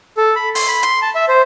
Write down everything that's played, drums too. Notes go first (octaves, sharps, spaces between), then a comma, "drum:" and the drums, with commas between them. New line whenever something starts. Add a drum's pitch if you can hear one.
A4
B5
C6, drum: open hi-hat
B5
C6, drum: hi-hat
A5
E5
C5